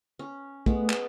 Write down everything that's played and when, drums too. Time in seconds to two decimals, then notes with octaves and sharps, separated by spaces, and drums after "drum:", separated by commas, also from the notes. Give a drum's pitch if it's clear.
0.19 C#4
0.66 G#3 A3 B3, drum: kick
0.90 drum: clap